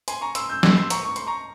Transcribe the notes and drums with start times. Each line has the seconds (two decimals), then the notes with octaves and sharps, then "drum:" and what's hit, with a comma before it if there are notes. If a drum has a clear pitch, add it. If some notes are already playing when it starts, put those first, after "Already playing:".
0.08 G#5 C6, drum: hi-hat
0.21 A#5 C#6
0.35 C6 E6, drum: hi-hat
0.50 E6 G6
0.63 C6 E6, drum: snare
0.77 C6 E6
0.90 A#5 C#6, drum: hi-hat
1.05 C#6
1.16 C6, drum: hi-hat
1.27 A#5 C#6